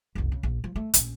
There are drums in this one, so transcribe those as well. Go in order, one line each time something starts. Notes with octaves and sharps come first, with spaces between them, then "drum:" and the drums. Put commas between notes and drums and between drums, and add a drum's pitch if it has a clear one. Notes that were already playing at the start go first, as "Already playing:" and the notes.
F#1 C2
C#3
A#1
F3
A3
A#1 C#4, drum: hi-hat